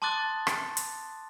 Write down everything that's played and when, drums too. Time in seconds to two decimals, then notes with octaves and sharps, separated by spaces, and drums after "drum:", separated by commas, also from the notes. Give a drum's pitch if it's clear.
0.02 A5 C6 D6 D#6 F#6 A6
0.47 drum: rim click
0.77 drum: hi-hat